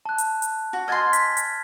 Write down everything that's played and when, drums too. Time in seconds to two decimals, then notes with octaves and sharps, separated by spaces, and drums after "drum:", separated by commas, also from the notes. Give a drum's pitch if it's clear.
0.05 A5 F#6
0.18 drum: hi-hat
0.42 drum: hi-hat
0.73 F#4
0.88 D#5 G#5 C6 F6 G#6 A6
1.13 B6, drum: hi-hat
1.37 drum: hi-hat